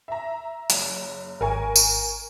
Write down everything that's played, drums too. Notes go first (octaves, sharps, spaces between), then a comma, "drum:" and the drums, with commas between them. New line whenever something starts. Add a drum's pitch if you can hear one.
E5 A#5
F#1, drum: hi-hat
G#1 A#4 G#5 C#6
drum: tambourine